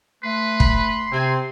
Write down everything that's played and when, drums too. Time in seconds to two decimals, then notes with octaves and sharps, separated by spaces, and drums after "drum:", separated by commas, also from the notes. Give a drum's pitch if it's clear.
0.23 A3 B4 C6
0.60 B5, drum: kick
1.12 C3 C4 G#5